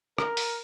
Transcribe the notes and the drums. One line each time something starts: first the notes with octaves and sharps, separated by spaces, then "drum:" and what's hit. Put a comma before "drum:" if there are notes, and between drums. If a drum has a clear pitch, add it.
A#4, drum: rim click
drum: open hi-hat